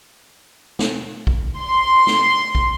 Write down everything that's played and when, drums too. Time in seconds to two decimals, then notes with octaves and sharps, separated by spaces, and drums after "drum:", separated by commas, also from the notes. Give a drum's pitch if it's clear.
0.79 drum: snare
1.27 drum: kick
1.59 C6
2.07 drum: snare
2.55 drum: kick